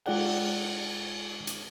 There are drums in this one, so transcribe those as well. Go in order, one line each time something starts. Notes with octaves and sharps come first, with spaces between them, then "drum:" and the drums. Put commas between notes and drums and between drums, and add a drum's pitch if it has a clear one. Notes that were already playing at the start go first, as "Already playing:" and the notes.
G#3 F4 D5 F#5 G5, drum: cymbal
drum: hi-hat